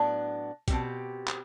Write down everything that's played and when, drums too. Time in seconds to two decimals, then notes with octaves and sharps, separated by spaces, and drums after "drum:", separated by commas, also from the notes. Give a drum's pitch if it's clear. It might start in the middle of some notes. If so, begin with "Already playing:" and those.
Already playing: A2 F#3 B3 D4
0.68 B2 A3 C4 G4, drum: kick, hi-hat
1.28 drum: clap